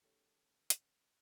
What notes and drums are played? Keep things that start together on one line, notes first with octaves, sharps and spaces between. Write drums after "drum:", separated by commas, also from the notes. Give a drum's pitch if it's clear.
D#3 A3 C#4 G4 A4 C#5
drum: hi-hat